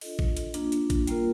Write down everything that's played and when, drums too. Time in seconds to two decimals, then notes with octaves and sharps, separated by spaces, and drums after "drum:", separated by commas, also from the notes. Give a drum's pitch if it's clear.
0.01 D4 F4 A4 D#5, drum: open hi-hat
0.19 drum: kick A1
0.37 drum: hi-hat
0.54 A#3 D4 F4, drum: hi-hat
0.72 drum: hi-hat
0.90 drum: kick A1, hi-hat
1.07 G3 A#3 F4 A#4, drum: hi-hat